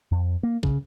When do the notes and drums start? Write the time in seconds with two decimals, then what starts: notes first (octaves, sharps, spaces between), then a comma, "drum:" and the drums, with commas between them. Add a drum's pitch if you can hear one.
0.12 F2
0.43 A#3
0.63 C#3, drum: kick